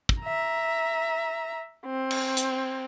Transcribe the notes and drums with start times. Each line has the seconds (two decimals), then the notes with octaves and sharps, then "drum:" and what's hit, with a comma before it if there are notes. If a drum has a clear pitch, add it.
0.09 drum: kick
0.21 E5 A#5
1.86 C4
2.11 drum: cymbal
2.37 drum: hi-hat